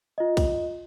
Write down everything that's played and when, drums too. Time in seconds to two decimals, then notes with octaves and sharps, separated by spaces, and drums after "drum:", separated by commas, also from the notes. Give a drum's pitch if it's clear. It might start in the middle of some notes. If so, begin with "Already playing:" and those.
0.18 F4 D#5
0.37 drum: kick B1, cymbal